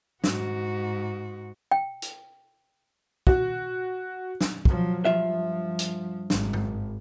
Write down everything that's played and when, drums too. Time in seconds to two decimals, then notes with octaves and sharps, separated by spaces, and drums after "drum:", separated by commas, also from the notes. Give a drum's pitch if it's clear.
0.24 G#2 F#4, drum: snare
1.72 G5
2.02 drum: hi-hat
3.27 F#4, drum: kick
4.41 drum: snare
4.65 F3 F#3, drum: kick
5.05 G2 F3 F4 E5
5.79 drum: hi-hat
6.30 G#1, drum: snare
6.53 drum: tom G2